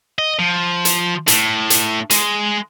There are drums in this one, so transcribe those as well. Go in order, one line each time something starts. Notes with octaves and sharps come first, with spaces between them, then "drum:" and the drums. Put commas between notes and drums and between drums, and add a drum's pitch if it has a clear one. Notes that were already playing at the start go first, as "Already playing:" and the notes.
D#5
F3
drum: hi-hat
A2, drum: hi-hat
drum: hi-hat
G#3, drum: hi-hat